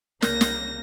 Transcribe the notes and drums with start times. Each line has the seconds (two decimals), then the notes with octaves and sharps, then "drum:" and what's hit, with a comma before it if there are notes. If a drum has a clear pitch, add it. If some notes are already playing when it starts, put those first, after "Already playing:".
0.22 C2 C#3 A#3 A#4 F6 G6 A#6, drum: snare
0.41 drum: snare